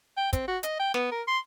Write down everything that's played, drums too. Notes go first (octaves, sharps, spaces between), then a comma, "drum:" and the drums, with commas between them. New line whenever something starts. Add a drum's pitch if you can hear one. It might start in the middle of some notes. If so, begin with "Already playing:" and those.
G5
C4, drum: kick, hi-hat
F#4
D#5, drum: hi-hat
G5
B3, drum: snare
A#4
C6